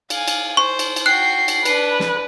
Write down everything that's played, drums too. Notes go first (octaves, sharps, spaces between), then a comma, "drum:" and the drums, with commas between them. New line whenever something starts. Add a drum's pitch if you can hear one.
F5 G#5, drum: cymbal
drum: cymbal
C5 C#6
drum: cymbal
drum: cymbal
F#4 G5 F#6 C7
drum: cymbal
D4 B4, drum: cymbal
drum: snare